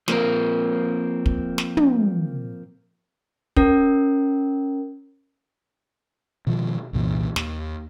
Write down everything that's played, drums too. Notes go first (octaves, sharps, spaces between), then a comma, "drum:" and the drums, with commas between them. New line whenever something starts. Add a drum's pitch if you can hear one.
F3 A#3 C4 A#4, drum: snare
drum: kick
drum: snare
drum: tom
C#4 A#4, drum: kick
B2 D#3 F3
C2 F#2 A#2 E3
D#2, drum: snare